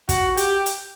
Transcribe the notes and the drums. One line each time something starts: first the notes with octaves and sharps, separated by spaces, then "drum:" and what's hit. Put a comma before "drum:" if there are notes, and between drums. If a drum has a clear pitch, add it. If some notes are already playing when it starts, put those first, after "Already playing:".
F#4, drum: kick, hi-hat
G4, drum: hi-hat
drum: hi-hat